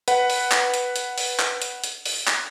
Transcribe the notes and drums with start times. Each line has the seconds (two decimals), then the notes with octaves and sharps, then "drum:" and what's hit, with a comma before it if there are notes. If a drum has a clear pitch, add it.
0.08 B4 F#5, drum: hi-hat
0.30 drum: open hi-hat
0.52 drum: clap
0.74 drum: hi-hat
0.96 drum: hi-hat
1.18 drum: open hi-hat
1.40 drum: clap
1.62 drum: hi-hat
1.84 drum: hi-hat
2.06 drum: open hi-hat
2.28 drum: clap